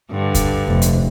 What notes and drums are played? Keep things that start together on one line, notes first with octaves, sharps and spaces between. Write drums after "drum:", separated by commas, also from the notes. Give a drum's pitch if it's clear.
G2 D3
drum: kick, hi-hat
F1
drum: hi-hat